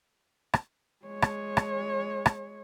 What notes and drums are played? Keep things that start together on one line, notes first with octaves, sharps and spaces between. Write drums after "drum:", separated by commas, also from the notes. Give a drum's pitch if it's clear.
drum: rim click
G#3 C#5
drum: rim click
drum: rim click
drum: rim click